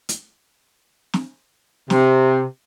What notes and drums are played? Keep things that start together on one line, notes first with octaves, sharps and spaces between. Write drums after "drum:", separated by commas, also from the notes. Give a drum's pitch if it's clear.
drum: hi-hat
drum: snare
C3, drum: snare